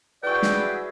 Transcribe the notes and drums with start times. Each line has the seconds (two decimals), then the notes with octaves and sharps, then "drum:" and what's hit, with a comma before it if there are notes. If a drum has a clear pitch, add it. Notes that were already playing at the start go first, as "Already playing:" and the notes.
0.23 E4 F#4 G#4 B4 D5 G5 C#6
0.42 drum: snare